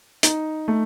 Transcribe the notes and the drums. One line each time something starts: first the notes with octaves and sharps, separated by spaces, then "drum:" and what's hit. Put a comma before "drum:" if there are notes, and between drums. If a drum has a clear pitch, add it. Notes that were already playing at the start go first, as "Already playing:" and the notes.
D#4, drum: hi-hat
A3